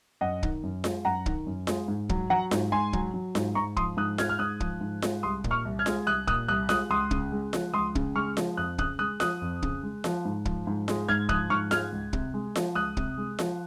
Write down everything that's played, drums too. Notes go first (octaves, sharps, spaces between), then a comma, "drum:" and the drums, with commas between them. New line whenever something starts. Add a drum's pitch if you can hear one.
F#2 D#5 F#5
D#3, drum: kick
F#2
G#3, drum: snare F4
F#2 F#5 A#5
D#3, drum: kick
F#2
G#3, drum: snare F4
G#2
F#3, drum: kick
F#3 F#5 A#5
G#2, drum: snare F4
G#2 G#5 C6
F#3, drum: kick
F#3
G#2, drum: snare F4
G#2 A#5 C#6
F3 C6 D#6, drum: kick
G#2 D#6 F#6
G#3 F6 G#6, drum: snare F4
F6
G#2 D#6 F#6
F3, drum: kick
G#2
G#3, drum: snare F4
C2 C6 D#6
A#2, drum: kick
C#6 F6
C2
F6 G#6
G#3, drum: snare F4
C2 D#6 F#6
A#2 D#6 F#6, drum: kick
C2 D#6 F#6
G#3 D#6 F#6, drum: snare F4
C#2 C6 D#6
C#3, drum: kick
G#3
F3, drum: snare F4
C#2 C6 D#6
C#3, drum: kick
G#3 C#6 F6
F3, drum: snare F4
F2 D#6 F#6
C#3 D#6 F#6, drum: kick
G#3 D#6 F#6
F3 D#6 F#6, drum: snare F4
F2
C#3, drum: kick
G#3
F3, drum: snare F4
G#2
F3, drum: kick
G#2
G#3, drum: snare F4
G#2 F6 G#6
F3 D#6 F#6, drum: kick
G#2 C#6 F6
G#3 F6 G#6, drum: snare F4
C#2
C3, drum: kick
G#3
F3, drum: snare F4
C#2 D#6 F#6
C3, drum: kick
G#3
F3, drum: snare F4